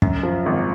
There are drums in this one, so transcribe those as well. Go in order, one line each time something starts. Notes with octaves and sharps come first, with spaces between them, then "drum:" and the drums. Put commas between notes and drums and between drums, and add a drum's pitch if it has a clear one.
F#2, drum: kick
F3
G#1